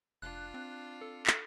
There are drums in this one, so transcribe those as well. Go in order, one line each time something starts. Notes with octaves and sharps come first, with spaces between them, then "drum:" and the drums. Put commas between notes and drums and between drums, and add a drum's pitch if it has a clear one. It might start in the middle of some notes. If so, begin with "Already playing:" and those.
F1 D4 F4 F#6
C4
A4
drum: clap